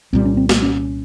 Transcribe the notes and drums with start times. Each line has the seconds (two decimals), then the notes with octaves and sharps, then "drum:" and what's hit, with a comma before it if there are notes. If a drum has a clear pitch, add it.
0.13 C2 A#2 G3 C4
0.25 C#4
0.37 C4
0.49 A#3, drum: snare A#3
0.62 C#4